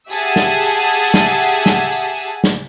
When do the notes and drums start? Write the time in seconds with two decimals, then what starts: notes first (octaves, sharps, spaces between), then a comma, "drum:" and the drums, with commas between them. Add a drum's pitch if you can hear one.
0.10 G4 G#4 E5 F#5 G#5 A5, drum: tambourine
0.36 drum: snare
0.62 drum: tambourine
1.14 drum: snare
1.40 drum: tambourine
1.66 drum: snare
1.92 drum: tambourine
2.18 drum: tambourine
2.44 drum: snare